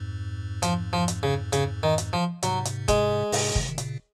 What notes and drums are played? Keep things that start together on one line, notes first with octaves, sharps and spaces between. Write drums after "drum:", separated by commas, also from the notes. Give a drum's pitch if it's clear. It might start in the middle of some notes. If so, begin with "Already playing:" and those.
Already playing: F2 G#2
F3, drum: hi-hat
F3
drum: hi-hat
C#3
C#3, drum: hi-hat
D#3
drum: hi-hat
F3
G#2 C3 F#3, drum: hi-hat
drum: hi-hat
G#3, drum: kick, hi-hat
G#2 C3, drum: open hi-hat
C3 D#3, drum: kick
D#3
A#2 C#3, drum: hi-hat